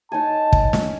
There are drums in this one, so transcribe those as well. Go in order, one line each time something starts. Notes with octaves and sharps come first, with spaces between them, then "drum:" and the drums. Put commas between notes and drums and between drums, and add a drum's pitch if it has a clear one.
D#4 C#5 G#5 A5
drum: kick
drum: snare